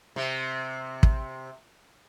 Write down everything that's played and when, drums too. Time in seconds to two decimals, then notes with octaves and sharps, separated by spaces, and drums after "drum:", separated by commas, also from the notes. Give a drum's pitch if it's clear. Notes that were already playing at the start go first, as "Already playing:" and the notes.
0.16 C3 C4
1.03 drum: kick